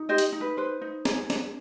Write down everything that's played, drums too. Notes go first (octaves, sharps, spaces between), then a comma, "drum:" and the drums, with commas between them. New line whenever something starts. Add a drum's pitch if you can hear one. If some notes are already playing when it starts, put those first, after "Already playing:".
Already playing: D#4
G4 C5 D#5
drum: hi-hat
D#4
B4
B4 C5
D#4
G#4, drum: snare
D4, drum: snare